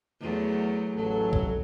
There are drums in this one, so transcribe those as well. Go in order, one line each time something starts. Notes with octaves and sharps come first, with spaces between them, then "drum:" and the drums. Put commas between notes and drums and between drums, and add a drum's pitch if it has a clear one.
E2 F#3 A3
A1 F#3 A4
drum: kick B1